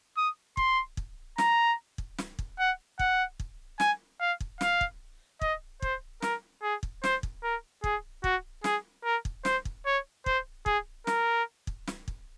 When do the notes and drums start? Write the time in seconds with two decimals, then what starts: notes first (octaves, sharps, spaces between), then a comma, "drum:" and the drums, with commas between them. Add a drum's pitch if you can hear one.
0.17 D#6
0.57 C6, drum: kick
0.97 drum: kick
1.38 A#5, drum: snare
1.98 drum: kick
2.18 drum: snare
2.39 drum: kick
2.59 F#5
2.99 F#5, drum: kick
3.40 drum: kick
3.80 G#5, drum: snare
4.20 F5
4.40 drum: kick
4.61 F5, drum: snare
4.81 drum: kick
5.41 D#5, drum: kick
5.82 C5, drum: kick
6.22 A#4, drum: snare
6.63 G#4
6.83 drum: kick
7.04 C5, drum: snare
7.23 drum: kick
7.44 A#4
7.84 G#4, drum: kick
8.24 F#4, drum: kick
8.64 G#4, drum: snare
9.05 A#4
9.25 drum: kick
9.45 C5, drum: snare
9.65 drum: kick
9.86 C#5
10.26 C5, drum: kick
10.66 G#4, drum: kick
11.07 A#4, drum: snare
11.67 drum: kick
11.87 drum: snare
12.08 drum: kick